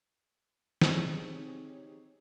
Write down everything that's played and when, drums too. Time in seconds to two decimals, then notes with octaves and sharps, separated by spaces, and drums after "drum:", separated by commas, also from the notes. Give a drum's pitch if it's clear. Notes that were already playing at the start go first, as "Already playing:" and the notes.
0.82 C4 D#4 G4 G#4 C#5, drum: snare